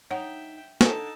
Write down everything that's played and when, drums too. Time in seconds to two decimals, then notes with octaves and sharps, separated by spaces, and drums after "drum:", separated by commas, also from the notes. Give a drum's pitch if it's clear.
0.11 D#4 C#5 E5 F#5 G5
0.81 D3 D#4 A4 A5, drum: snare